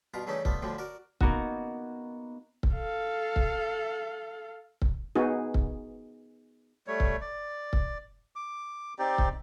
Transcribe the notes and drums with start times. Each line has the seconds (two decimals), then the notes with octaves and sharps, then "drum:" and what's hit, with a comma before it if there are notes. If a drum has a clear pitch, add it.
0.14 G2 B2 F4 A#5
0.27 G2 C#3 E3 A3 C#4 D#4
0.45 G3 A3 B3 F4, drum: kick C#1
0.62 D2 A2 D3 F3 G3
0.78 F#4 A#4 D5
1.21 A#3 B3 D#4 F#4, drum: kick C#1
2.63 drum: kick C#1
2.74 A4 F5
3.36 drum: kick C#1
4.82 drum: kick C#1
5.16 B3 D#4 F#4 G#4
5.54 drum: kick C#1
6.87 G3 A3 C#5
7.00 drum: kick C#1
7.21 D5
7.73 drum: kick C#1
8.36 D6
8.99 C4 D#4 G4 D5
9.18 drum: kick C#1